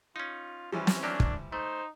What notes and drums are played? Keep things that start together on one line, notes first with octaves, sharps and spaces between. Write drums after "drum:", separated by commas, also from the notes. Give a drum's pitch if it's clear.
C#4 D#4 F4
E3 F3 G3 C#4
drum: snare
F#3 A#3 D4 G4
drum: kick
A3 D#4 C5